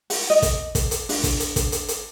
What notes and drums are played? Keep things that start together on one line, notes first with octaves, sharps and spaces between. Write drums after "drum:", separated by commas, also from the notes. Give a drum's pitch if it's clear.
F#5, drum: open hi-hat
D#5
drum: kick, hi-hat
drum: kick, hi-hat
drum: hi-hat
D4, drum: open hi-hat
drum: kick, hi-hat
drum: hi-hat
drum: kick, hi-hat
drum: hi-hat
drum: hi-hat